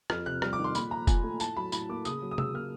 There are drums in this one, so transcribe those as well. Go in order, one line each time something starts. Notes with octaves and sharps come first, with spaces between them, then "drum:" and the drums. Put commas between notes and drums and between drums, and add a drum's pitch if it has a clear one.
F2 F6, drum: rim click
C3 F#6
G3 F6, drum: rim click
D6
D#3
C6
A#2 B5, drum: tambourine
F3 A#5
A#2 G#5, drum: kick F1, tambourine
A3
A2 A5, drum: tambourine
F#3 B5
A2 B5, drum: tambourine
A#3 D6
C#3 D#6, drum: tambourine
F#3
D#6
C#3 E6, drum: tom C3
A#3 F6